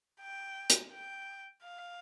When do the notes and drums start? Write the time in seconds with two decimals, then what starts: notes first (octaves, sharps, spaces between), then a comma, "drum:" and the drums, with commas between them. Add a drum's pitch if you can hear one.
0.21 G5
0.70 drum: hi-hat
0.92 G5
1.63 F5